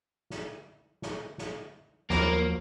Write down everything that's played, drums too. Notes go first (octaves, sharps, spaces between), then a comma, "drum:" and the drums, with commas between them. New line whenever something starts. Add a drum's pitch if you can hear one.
drum: snare
drum: snare
drum: snare
D#2 F3 F#3 A#3 B5, drum: snare